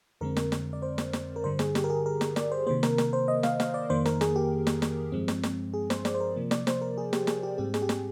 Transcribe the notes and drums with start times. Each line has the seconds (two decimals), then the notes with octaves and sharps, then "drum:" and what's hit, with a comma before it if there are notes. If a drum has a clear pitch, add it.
0.21 F2 D3 G#3 C4 A#4
0.37 drum: snare
0.52 drum: snare
0.73 D5
0.82 C5
0.98 drum: snare
1.13 drum: snare
1.36 A#4
1.44 G2 D3 G3 C5
1.59 G#4, drum: snare
1.75 G4, drum: snare
1.84 A#4
1.90 G#4
2.06 A#4
2.21 A#4, drum: snare
2.36 D5, drum: snare
2.52 C5
2.67 C3 D#3 A#3 C5
2.83 A#4, drum: snare
2.98 A#4, drum: snare
3.13 C5
3.28 D#5
3.43 F5, drum: snare
3.60 F5, drum: snare
3.74 D5
3.90 F2 D#3 A#3 C5
4.06 A#4, drum: snare
4.21 G#4, drum: snare
4.36 G4
4.67 drum: snare
4.82 drum: snare
5.12 G2 F3 G#3 C4
5.28 drum: snare
5.43 drum: snare
5.74 G#4
5.90 C5, drum: snare
6.05 D5, drum: snare
6.14 C5
6.20 A#4
6.36 C3 F3 A#3
6.51 D5, drum: snare
6.67 C5, drum: snare
6.82 A#4
6.98 G#4
7.13 G4, drum: snare
7.27 G#4, drum: snare
7.43 G4
7.58 G#2 G3 C4 G4
7.74 G#4, drum: snare
7.82 G4
7.89 G#4, drum: snare